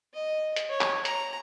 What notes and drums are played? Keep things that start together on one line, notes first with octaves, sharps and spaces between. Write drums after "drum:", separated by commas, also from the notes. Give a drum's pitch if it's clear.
D#5
drum: hi-hat
C#5
drum: clap
A#5, drum: hi-hat